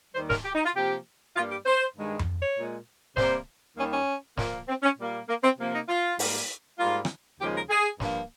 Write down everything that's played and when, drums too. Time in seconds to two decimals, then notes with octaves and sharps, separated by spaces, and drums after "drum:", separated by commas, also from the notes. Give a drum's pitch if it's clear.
0.15 D#2 D#3 G3 C5
0.30 A#4, drum: snare
0.45 G4
0.55 D#4
0.66 F4
0.76 C3 F3 A#3 G4
1.36 G2 G3 A#3 F4
1.51 G4
1.66 C5
1.97 G2 D#3 G#3
2.19 drum: tom F2
2.42 C#5
2.57 A#2 G#3
3.17 C3 G3 A#3 C5, drum: snare
3.77 D#2 D#3 G3 A#3 C#4
3.93 C#4
4.38 A#2 F3 A#3, drum: snare
4.68 C4
4.83 C#4
4.98 A#2 G3 A#3
5.28 A#3
5.44 C4
5.59 C3 F3 A#3
5.74 D#4
5.88 F4
6.19 G#2 G3 A#3, drum: open hi-hat
6.79 G#2 G3 A#3 F4
7.05 drum: rim click
7.40 D#2 C#3 F3 G#3 G4
7.55 A#4
7.70 G#4
8.00 G2 F3 A#3, drum: snare